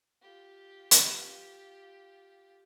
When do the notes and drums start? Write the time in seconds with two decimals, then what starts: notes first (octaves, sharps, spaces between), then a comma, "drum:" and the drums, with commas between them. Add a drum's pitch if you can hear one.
0.22 F4 G4
0.91 drum: hi-hat